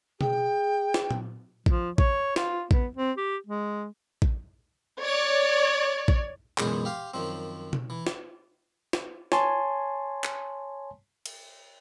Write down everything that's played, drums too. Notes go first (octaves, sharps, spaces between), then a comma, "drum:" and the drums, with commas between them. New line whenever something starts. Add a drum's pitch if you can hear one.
G#4 G5, drum: tom B2
drum: snare
drum: tom A#2
F3, drum: kick
C#5, drum: kick
F4, drum: snare
B3, drum: kick
C4
G4
G#3
drum: kick
C#5 D5
drum: kick
C#2 F#2 B2 E3 G#4 C5, drum: clap
G4 F5 C6
F#2 D#3 F3 C4
drum: tom B2
E3
drum: snare
drum: snare
C#5 G#5 A5 C6, drum: snare
drum: clap
drum: cymbal